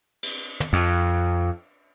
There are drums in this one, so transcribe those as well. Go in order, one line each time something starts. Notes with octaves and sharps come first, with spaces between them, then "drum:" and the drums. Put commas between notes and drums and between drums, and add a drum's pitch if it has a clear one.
drum: cymbal
drum: tom
F2